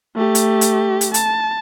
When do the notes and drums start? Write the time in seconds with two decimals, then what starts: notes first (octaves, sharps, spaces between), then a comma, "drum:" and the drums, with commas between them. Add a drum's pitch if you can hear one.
0.16 A3 G4
0.35 drum: hi-hat
0.61 drum: hi-hat
1.01 drum: hi-hat
1.14 A5, drum: hi-hat